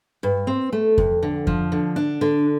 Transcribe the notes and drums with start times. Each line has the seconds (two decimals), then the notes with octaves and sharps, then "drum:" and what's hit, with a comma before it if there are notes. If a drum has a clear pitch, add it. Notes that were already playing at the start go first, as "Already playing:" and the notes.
0.23 G2
0.47 C4
0.73 A3
0.98 F2, drum: kick F2
1.23 D3
1.47 F3, drum: kick F2
1.72 D3
1.96 D4
2.21 D3